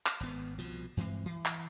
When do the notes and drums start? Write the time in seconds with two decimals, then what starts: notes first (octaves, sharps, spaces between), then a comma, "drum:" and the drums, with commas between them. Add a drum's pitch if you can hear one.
0.06 drum: clap
0.20 G#1 B3
0.58 C2 B2 F3
0.97 G2 E3 G#3 C4
1.26 E3
1.45 drum: clap